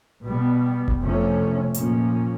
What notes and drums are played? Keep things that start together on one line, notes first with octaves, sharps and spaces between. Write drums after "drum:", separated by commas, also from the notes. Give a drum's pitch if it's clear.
B2 G3 B3
drum: kick F1
F2 C3 F3 A3 C#4
A#2 F3 A#3 C#4, drum: hi-hat